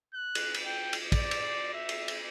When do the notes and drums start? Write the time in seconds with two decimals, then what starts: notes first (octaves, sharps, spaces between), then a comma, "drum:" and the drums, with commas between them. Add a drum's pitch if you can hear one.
0.14 F#6
0.35 drum: cymbal
0.54 drum: cymbal
0.66 G5
0.93 drum: cymbal
1.12 D5, drum: kick, cymbal
1.31 drum: cymbal
1.74 E5
1.89 drum: cymbal
2.08 drum: cymbal